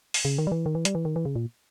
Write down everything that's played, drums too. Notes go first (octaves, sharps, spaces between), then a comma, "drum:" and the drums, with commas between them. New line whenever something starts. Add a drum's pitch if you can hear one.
drum: open hi-hat
C#3
D#3
G3
E3
D#3
E3
G3, drum: hi-hat
E3
D#3
E3
C#3
A#2